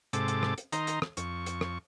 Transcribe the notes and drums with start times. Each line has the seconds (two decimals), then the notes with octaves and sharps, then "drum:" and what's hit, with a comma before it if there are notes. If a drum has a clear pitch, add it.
0.13 G#2 C3 A4 D6, drum: hi-hat
0.28 drum: hi-hat
0.43 drum: rim click
0.58 drum: hi-hat
0.72 D#3 D#4 A#5 C6, drum: hi-hat
0.87 drum: hi-hat
1.02 drum: rim click
1.17 F2 C#6, drum: hi-hat
1.46 drum: hi-hat
1.61 drum: rim click